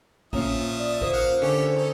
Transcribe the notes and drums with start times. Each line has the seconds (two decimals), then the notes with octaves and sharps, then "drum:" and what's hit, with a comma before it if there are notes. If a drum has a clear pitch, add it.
0.33 A#2 F3 C#4 E5 A#5 D#6, drum: kick A1
0.79 D5
1.01 A#3 C5, drum: kick A1
1.13 F5 F#5
1.42 D3 C#4 G4 A4 C#5
1.77 D#4 A4 C#5